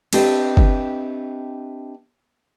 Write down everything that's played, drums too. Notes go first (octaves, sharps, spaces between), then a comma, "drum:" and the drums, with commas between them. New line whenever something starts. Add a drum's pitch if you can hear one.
C4 D4 G4 B4 D#5 E5, drum: cymbal
drum: kick F#1